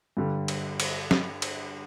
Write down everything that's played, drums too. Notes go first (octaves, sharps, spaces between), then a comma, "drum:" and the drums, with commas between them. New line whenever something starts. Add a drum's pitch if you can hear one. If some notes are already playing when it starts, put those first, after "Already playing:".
G2 D3 G3
drum: cymbal
drum: cymbal
drum: snare
drum: cymbal